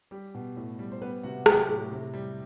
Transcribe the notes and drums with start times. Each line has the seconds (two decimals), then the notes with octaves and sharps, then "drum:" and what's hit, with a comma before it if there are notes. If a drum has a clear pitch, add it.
0.11 G3 G4
0.35 B2
0.57 A2
0.79 G3
0.92 C5
1.02 G3 B3 B4
1.23 C3 F#4 F#5
1.46 F#3 G4 G5, drum: rim click
1.69 A2
1.92 C3
2.14 G3